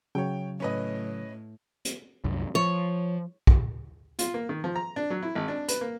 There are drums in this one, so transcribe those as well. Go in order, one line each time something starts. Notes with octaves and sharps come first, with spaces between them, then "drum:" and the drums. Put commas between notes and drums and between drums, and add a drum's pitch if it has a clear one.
C#3 F#3 C#5 G5
A2 C#4 B4 D#5
drum: hi-hat
C2 F#2
F3 C#5
drum: kick
F4, drum: hi-hat
A#3
D#3
F3
A#5
D4
F#3
E4
G#1
D4
B4, drum: hi-hat
A#3